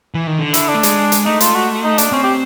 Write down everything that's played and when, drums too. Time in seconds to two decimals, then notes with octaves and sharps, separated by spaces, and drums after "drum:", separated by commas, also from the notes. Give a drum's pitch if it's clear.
0.15 E3
0.27 D#3
0.39 D3
0.54 E4, drum: hi-hat
0.68 D4
0.75 A3
0.83 G#3, drum: hi-hat
1.12 drum: hi-hat
1.26 A3 D#4
1.40 F4, drum: hi-hat
1.55 F#4
1.84 D#4
1.98 D4, drum: hi-hat
2.12 C4 C#4
2.24 G4